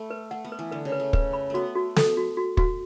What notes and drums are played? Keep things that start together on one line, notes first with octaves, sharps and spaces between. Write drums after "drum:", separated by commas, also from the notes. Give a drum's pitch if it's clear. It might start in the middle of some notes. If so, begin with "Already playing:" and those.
Already playing: A3 B5
B4
A3 F#5
B3
B4
E3
D3 B4
C#3
B4
A3
B4, drum: kick
B5
A3 B3 F#4
F#4
A4, drum: snare
F#4
F#4
F#4, drum: kick